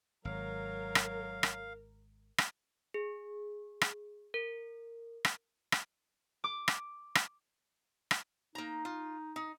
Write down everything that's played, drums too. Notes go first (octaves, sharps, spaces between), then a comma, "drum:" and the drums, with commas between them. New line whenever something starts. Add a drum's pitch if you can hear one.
G#1 F#3 A#4 F5
drum: rim click
drum: rim click
drum: rim click
G#4
drum: rim click
A#4
drum: rim click
drum: rim click
D6
drum: rim click
drum: rim click
drum: rim click
A#3 D#4 A#5
F4
D#4